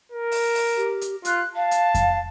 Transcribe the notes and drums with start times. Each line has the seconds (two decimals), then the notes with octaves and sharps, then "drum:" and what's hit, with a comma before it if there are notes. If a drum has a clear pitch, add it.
0.12 A#4
0.32 drum: open hi-hat
0.55 drum: open hi-hat
0.76 G4
1.01 drum: hi-hat
1.25 F4 F#6, drum: hi-hat
1.55 F5 A5
1.71 drum: hi-hat
1.95 drum: kick F2, hi-hat